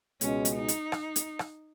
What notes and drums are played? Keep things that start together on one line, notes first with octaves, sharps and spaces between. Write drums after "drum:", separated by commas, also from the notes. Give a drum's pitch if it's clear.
C#2 B2 G#3 C#4, drum: hi-hat
drum: hi-hat
D#4
drum: hi-hat
drum: rim click
drum: hi-hat
drum: rim click